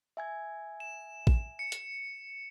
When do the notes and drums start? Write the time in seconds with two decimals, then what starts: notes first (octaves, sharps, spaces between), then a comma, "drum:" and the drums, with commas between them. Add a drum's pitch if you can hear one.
0.17 E5 G#5 G#6
0.80 E7
1.27 drum: kick A1
1.59 C#7
1.72 drum: hi-hat